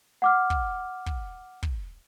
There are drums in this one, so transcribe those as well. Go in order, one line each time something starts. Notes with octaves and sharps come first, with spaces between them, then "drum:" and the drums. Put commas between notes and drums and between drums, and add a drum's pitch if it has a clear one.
F#5 D6 F6
drum: kick
drum: kick
drum: kick